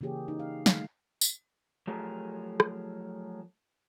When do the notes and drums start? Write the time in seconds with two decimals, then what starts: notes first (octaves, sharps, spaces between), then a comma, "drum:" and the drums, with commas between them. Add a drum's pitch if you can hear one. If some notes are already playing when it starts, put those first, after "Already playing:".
0.01 C#3 E3 A#3 G4 G#4 C#5
0.28 D#4
0.39 F5
0.66 D#3 G3 A3 F5, drum: snare
1.21 drum: tambourine
1.87 F3 F#3 A3 G4 G#4 A#4
2.60 drum: rim click